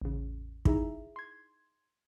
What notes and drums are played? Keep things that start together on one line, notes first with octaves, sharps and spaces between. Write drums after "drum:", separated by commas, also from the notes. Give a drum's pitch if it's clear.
A1 E2 C#3
D#4 E4 G#4 E5 A#5, drum: kick
C6 G#6